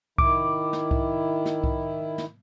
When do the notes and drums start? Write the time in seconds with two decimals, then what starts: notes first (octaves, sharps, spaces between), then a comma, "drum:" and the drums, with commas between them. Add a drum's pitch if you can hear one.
0.18 D#3 E4 D6, drum: kick C2
0.73 drum: snare
0.91 drum: kick C2
1.46 drum: snare
1.64 drum: kick C2
2.18 drum: snare